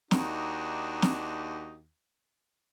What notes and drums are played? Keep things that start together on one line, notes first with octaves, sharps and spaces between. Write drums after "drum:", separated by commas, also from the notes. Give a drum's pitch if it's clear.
D#2 D4 D#4 F#4, drum: snare
drum: snare